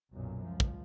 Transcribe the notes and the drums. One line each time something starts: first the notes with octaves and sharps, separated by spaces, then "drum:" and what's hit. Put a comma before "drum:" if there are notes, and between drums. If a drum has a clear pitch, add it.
B1 F#2 A#2
C#2 F3
drum: kick